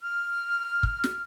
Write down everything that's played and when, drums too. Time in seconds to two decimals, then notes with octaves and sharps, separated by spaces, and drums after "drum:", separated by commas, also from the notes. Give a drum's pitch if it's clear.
0.01 F6
0.83 drum: kick
1.04 drum: snare